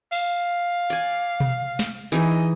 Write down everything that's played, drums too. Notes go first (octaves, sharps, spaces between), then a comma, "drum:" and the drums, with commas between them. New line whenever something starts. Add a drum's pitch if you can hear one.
F5, drum: cymbal
D5 G#5, drum: hi-hat
drum: tom B2
drum: snare
E3 D#4 G#4 D#5